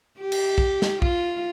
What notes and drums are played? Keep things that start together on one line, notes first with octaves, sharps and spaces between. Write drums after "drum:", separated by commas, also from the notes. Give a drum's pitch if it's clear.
G4
drum: cymbal
drum: kick
drum: snare
F4, drum: kick